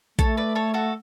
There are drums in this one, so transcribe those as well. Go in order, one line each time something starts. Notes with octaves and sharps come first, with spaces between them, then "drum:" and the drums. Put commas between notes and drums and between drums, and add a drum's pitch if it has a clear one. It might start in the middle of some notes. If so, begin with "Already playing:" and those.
A3 A4 C#5, drum: kick A#1, hi-hat
B4 D5
A4 C#5
F#4 A4